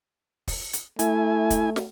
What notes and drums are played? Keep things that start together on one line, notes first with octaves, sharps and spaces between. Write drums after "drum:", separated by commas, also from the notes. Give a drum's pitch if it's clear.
drum: kick, open hi-hat
drum: hi-hat
A3 E4 G#5, drum: hi-hat
drum: kick, hi-hat
drum: snare